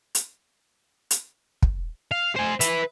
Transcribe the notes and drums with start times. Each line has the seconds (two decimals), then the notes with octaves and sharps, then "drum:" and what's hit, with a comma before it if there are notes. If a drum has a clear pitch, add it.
0.15 drum: hi-hat
1.11 drum: hi-hat
1.63 drum: kick
2.11 F5
2.36 C5 G#5
2.61 B4 E5, drum: hi-hat